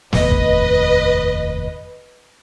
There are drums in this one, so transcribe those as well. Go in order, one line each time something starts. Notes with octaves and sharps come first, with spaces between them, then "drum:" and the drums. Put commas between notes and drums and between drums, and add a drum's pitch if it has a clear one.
F1 D#2 A2 B4 D#5, drum: snare
drum: kick